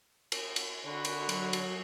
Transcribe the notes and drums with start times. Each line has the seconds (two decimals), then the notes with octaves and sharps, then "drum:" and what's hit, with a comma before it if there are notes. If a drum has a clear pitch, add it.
0.32 drum: cymbal
0.56 drum: cymbal
0.86 D3 F#4 B5
1.05 drum: cymbal
1.29 F#3, drum: cymbal
1.53 drum: cymbal